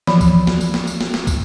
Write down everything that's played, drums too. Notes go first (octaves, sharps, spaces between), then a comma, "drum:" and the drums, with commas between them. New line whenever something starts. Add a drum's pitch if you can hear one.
E3 F3 B5, drum: snare
drum: kick, tambourine
drum: snare
drum: tambourine
drum: snare
drum: tambourine
drum: snare
drum: snare
drum: kick, tambourine